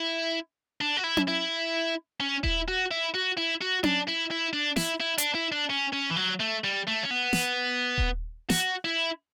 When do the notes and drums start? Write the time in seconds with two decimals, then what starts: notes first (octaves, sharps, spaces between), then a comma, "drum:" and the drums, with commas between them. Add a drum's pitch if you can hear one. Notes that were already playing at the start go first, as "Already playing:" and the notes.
Already playing: E4
0.81 D4
0.97 F#4
1.04 E4
1.17 drum: tom C#4
1.28 E4
2.20 C#4
2.43 E4, drum: kick D#1
2.68 F#4
2.91 E4
3.14 F#4
3.37 E4
3.61 F#4
3.83 D4, drum: tom C#4
4.08 E4
4.31 E4
4.53 D4
4.76 E4, drum: snare
5.00 E4
5.18 D4, drum: hi-hat
5.35 E4
5.52 D4
5.70 C#4
5.93 C#4
6.10 E3
6.16 F#3
6.40 A3
6.64 G3
6.87 A3
7.03 C#4
7.10 B3
7.33 drum: snare
7.98 drum: kick D#1
8.50 F#4, drum: snare
8.85 E4